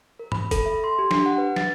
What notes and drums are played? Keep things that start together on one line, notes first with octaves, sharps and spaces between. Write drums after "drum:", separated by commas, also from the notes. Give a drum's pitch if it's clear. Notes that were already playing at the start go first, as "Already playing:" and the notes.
A#4
B5, drum: tom G#2
A4, drum: kick F#1, hi-hat
E5
C6
G4
D4, drum: snare
F#5
B4
A6, drum: snare